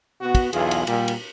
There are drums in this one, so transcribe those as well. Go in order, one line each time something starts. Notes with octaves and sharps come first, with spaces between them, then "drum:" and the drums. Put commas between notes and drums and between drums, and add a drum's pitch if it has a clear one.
B2 B3 F#4
drum: kick, cymbal
B1 E2 F4 G#4, drum: cymbal
drum: cymbal
A#2 G3, drum: cymbal
drum: cymbal